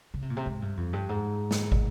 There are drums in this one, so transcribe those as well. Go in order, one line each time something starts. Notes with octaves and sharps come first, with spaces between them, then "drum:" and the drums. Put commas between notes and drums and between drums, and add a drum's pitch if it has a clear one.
C#3
C3
A#2
C3
G#2
G2
F2
G2
G#2
drum: snare
drum: kick